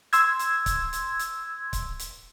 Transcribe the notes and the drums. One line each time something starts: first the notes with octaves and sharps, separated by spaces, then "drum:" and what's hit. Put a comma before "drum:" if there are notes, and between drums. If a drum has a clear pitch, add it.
C6 E6 G#6, drum: hi-hat
drum: hi-hat
drum: kick C#1, hi-hat
drum: hi-hat
drum: hi-hat
drum: kick C#1, hi-hat
drum: hi-hat